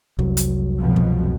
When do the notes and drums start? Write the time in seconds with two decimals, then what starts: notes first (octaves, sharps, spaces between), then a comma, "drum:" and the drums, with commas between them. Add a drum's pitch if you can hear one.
0.19 F1 C2 F#3, drum: kick
0.37 drum: hi-hat
0.78 F2 B2 F3
0.96 drum: kick